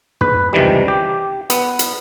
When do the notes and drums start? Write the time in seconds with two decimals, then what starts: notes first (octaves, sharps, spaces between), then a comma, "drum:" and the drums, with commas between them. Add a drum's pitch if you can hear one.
0.21 B4, drum: tom
0.53 C#2 C3 D#3 E3 G3
0.88 G4
1.50 B3, drum: hi-hat
1.79 drum: hi-hat